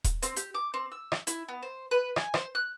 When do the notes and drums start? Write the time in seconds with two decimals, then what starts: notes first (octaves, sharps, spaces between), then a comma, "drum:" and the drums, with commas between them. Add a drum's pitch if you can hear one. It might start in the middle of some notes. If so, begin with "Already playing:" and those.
0.04 drum: kick D#1, hi-hat
0.22 C4, drum: hi-hat
0.36 G4, drum: hi-hat
0.54 D6
0.74 C4
0.92 E6
1.12 drum: rim click
1.27 E4, drum: hi-hat
1.48 B3
1.63 C5
1.91 B4
2.16 G#5, drum: rim click
2.34 C5, drum: rim click
2.55 F#6